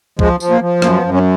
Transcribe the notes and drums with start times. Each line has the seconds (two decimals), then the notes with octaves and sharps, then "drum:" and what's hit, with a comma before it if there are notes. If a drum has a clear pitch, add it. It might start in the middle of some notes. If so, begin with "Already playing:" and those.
0.19 F3 G#3, drum: kick C#2
0.40 F3, drum: tambourine
0.50 A#3
0.61 F3
0.82 F#2 A#3, drum: rim click
0.98 B3
1.03 F#2
1.14 C#4